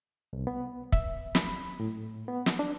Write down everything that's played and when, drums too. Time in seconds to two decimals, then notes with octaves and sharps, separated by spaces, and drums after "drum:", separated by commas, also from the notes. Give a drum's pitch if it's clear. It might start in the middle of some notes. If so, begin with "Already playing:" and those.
0.33 C2
0.47 B3
0.92 E5, drum: kick
1.35 B5, drum: snare
1.80 A2
2.28 B3
2.46 drum: snare
2.59 D4